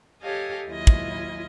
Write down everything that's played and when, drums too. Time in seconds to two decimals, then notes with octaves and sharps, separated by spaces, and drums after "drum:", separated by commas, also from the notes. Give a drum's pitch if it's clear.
0.21 G4 A4 C#5 D#5 F5 G#5
0.68 D#2 F#3 E4 F4 D#5 G#5
0.87 drum: kick